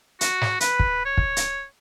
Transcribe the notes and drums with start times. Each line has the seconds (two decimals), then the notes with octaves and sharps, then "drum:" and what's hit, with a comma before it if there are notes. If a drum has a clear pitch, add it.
0.21 F#4, drum: hi-hat
0.41 drum: snare
0.60 B4, drum: hi-hat
0.79 drum: kick
1.05 C#5
1.17 drum: kick
1.36 drum: hi-hat